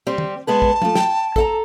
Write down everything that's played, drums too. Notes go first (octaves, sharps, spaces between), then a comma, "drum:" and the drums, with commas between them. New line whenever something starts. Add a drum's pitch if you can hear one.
G3 C4 G4
drum: tom D#3
G#3 B3 B4 A5
drum: kick
F3 A3, drum: tom
G5, drum: snare
A4 F#5 A#5, drum: kick